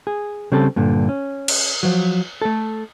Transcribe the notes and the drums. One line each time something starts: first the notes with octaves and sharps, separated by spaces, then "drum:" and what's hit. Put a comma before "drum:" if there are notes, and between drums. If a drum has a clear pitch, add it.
G#4
C#3 G3 C4 A4
G2 A#2 D3
C#4
drum: cymbal
F3 F#3
A3 A4